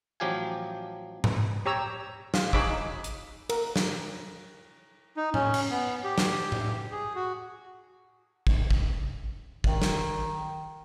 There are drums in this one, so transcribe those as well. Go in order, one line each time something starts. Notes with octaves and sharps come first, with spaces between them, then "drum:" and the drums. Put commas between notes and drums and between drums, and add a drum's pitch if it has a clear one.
A1 F3 F#3 G4 F5 G#5
drum: tom G#2
G4 C#5 A#5 E6
F4, drum: snare
D#4 G#4 C#5 B5 D6 E6, drum: kick
drum: hi-hat
A#4, drum: cymbal
drum: snare
D#4
C#4, drum: tom A2
drum: cymbal
B3
G4
drum: snare
drum: tom A2
G#4
F#4
drum: kick
drum: kick
D#3, drum: kick
drum: snare